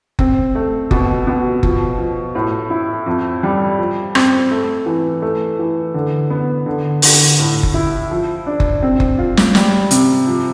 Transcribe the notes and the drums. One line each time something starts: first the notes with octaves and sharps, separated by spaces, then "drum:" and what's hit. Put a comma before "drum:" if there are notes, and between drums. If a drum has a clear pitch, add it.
C4, drum: kick F#1
A3
B2, drum: kick F#1
B2
F3, drum: kick F#1
F3
A2
E4
F2
G3
F3
C4, drum: rim click
A3
E3
A3
E3
D3
B3
D3
D3, drum: open hi-hat
A2
drum: kick F#1
E4
F3
D4
drum: kick F#1
C4
drum: kick F#1
F4
drum: snare
G3, drum: snare
C3, drum: hi-hat
F3